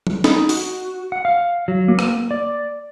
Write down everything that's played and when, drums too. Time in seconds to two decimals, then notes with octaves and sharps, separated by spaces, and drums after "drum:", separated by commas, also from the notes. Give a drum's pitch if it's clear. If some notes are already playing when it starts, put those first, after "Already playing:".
0.07 drum: tom F3
0.24 D#4, drum: snare
0.49 F#4, drum: open hi-hat
1.12 F#5
1.25 F5
1.68 F#3
1.88 A#3
1.99 drum: rim click
2.31 D5